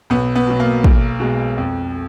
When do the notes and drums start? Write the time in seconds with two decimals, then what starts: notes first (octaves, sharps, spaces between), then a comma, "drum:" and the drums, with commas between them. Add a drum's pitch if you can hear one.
0.10 B1 B3
0.35 B3
0.47 B2 F#3
0.60 A#3
0.84 B1, drum: kick
1.20 B2 G#3
1.58 F2